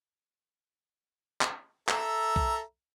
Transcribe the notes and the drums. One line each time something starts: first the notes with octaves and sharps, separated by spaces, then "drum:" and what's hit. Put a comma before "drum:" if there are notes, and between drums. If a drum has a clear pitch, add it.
drum: clap
A4 E5 A#5, drum: clap
drum: kick B1